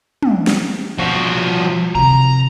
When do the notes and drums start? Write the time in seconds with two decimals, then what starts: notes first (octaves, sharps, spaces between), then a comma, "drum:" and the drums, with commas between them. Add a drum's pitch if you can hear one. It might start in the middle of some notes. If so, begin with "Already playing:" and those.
0.23 drum: tom
0.47 drum: snare
0.98 B2 F3 F#4
1.95 C3 D#3 A#5